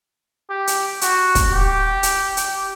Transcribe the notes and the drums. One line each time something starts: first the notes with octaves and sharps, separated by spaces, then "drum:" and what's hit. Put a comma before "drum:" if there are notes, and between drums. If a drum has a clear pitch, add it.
G4
drum: hi-hat
F#4, drum: hi-hat
drum: kick, hi-hat
G4
drum: hi-hat
drum: hi-hat